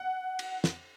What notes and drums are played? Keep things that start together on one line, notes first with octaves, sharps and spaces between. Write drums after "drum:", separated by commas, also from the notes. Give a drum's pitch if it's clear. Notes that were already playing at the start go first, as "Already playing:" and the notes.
Already playing: F#5
drum: cymbal
drum: snare